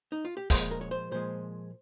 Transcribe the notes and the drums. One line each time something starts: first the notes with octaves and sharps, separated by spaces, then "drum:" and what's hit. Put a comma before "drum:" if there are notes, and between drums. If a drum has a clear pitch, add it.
D#4
F4
G4
A#2 F3 G#3 G#4, drum: kick, open hi-hat
A#4
C#5
C5
A#2 F3 G#3 C5